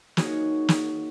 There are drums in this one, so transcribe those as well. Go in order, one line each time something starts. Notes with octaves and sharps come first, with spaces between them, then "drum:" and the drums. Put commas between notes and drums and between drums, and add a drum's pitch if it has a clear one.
A#3 D#4 F#4 G#4 C#5, drum: snare
drum: snare